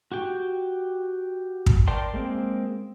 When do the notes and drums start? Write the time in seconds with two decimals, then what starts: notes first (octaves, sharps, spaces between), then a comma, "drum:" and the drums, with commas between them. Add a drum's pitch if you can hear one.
0.12 F#4 G4 G5
1.66 drum: kick
1.88 A#4 D5 G5 A5 C6
2.14 G#3 A#3 C4